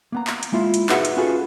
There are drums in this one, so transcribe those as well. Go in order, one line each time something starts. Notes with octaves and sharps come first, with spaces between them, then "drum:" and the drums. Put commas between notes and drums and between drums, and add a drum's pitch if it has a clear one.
A#3 B3 A#5
drum: clap
drum: hi-hat
G#3 A#3 E4 F4
drum: hi-hat
D#4 F#4 G#4 B4 E5 F#5, drum: clap
drum: hi-hat
C#4 F4 F#4 G#4 A4 B4